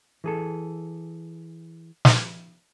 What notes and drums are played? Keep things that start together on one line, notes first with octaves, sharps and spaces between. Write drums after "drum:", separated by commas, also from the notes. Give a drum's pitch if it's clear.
E3 G#4 A4
drum: snare